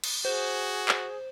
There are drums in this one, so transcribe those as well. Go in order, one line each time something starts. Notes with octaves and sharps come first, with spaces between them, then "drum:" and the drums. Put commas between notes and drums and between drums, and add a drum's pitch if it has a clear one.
drum: cymbal
F#4 G#4 C5
drum: clap